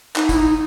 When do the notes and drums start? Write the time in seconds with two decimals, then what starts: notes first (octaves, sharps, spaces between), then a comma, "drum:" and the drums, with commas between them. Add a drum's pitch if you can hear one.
0.16 D#4, drum: clap
0.29 E4, drum: kick, tambourine
0.36 D#4